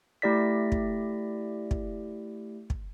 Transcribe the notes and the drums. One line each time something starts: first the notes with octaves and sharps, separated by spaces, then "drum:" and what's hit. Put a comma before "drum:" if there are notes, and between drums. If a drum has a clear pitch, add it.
A3 E4 G4 D5 A#6 B6
drum: kick
drum: kick
drum: kick